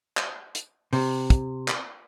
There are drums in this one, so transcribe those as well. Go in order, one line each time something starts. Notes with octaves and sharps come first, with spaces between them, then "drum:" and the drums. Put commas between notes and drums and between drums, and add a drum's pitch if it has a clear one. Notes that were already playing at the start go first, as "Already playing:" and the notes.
drum: clap
drum: hi-hat
C3, drum: open hi-hat
drum: kick, hi-hat
drum: clap